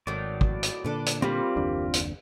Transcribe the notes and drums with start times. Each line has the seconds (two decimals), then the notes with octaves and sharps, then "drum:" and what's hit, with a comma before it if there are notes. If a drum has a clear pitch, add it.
0.07 G#1 A2 D#3 F#3 D5
0.41 drum: kick
0.63 drum: hi-hat
0.85 A#2 D3 D4 A4 B4
1.06 drum: hi-hat
1.22 G3 A#3 C4 F4 B5
1.56 F#1 D#2 D4
1.94 drum: hi-hat